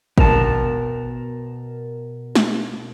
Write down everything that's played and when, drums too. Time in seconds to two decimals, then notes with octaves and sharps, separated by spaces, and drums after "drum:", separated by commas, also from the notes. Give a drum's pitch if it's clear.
0.18 B2 A#4 A5, drum: kick
2.35 drum: snare